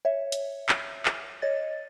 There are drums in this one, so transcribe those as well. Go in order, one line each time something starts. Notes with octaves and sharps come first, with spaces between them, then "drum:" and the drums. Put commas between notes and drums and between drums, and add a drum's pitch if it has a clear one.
C#5 E5
drum: hi-hat
drum: clap
drum: clap
C#5 D#5 A6